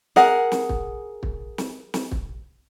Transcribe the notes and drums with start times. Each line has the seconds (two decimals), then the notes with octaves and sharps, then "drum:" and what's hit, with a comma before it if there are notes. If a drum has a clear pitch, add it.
0.16 G#4 A#4 F#5, drum: snare
0.52 drum: snare
0.69 drum: kick
1.23 drum: kick
1.58 drum: snare
1.94 drum: snare
2.11 drum: kick